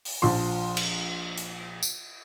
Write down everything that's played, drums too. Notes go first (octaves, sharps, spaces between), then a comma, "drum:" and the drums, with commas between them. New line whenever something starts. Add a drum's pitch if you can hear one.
drum: open hi-hat
A#1 F3 C6
drum: cymbal
drum: hi-hat
drum: tambourine